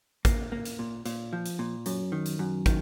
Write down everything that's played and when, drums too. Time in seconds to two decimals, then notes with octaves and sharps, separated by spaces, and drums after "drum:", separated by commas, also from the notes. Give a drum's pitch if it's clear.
0.25 A#3, drum: kick, hi-hat
0.52 A#3
0.65 drum: hi-hat
0.79 A#2
1.06 A#2, drum: hi-hat
1.33 F3
1.46 drum: hi-hat
1.59 A#2
1.86 F#2, drum: hi-hat
2.12 D#3
2.26 drum: hi-hat
2.39 F#2
2.66 D#3, drum: kick, hi-hat